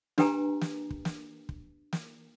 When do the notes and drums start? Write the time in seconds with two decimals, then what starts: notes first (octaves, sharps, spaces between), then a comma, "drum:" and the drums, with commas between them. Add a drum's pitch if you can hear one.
0.18 D4 G4 B4 G5 G#5 A#5, drum: snare
0.61 drum: snare
0.91 drum: kick
1.05 drum: snare
1.49 drum: kick
1.92 drum: snare